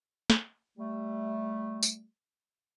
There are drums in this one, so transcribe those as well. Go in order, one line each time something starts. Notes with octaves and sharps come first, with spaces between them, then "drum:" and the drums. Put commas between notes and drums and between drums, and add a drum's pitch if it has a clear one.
drum: snare
G3 A3
drum: tambourine